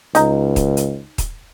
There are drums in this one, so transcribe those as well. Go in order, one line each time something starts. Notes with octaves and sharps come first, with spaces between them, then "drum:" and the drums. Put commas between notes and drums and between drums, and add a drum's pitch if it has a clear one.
C#2 D#4 A#5, drum: hi-hat
drum: kick D#1, hi-hat
drum: hi-hat
drum: kick D#1, hi-hat